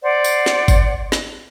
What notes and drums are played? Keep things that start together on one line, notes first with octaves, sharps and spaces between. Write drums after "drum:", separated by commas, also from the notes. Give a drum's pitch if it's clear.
C5 D5 F#5
drum: tambourine
drum: snare
drum: kick G1, tambourine
drum: snare